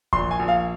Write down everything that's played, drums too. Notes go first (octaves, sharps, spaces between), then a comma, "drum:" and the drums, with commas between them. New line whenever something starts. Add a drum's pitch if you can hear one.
A#1 C6, drum: kick D#2
G#5
A#1
F5